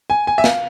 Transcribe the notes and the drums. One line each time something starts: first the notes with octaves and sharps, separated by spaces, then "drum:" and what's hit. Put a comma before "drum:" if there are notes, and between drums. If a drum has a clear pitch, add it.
G#5
G#5
E5
F5, drum: snare